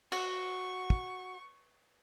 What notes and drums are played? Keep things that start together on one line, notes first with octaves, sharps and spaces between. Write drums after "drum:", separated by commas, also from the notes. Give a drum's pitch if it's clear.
F#4 C#6, drum: cymbal
drum: kick